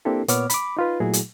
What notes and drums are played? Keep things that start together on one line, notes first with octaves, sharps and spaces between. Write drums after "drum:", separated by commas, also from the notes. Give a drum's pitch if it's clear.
A#3 C4 D4 E4 G4 A4
A#2 B3 C#5 D6 F6, drum: hi-hat
B5 D6, drum: hi-hat
D#4 F4 B4
A#2 F#3 A3 E4 F#4 G#4
drum: hi-hat